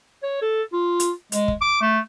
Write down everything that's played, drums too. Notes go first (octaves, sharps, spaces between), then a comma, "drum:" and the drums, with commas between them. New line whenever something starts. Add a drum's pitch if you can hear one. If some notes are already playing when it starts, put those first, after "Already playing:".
C#5
A4
F4
drum: hi-hat
G#3, drum: hi-hat
drum: kick
D6
A3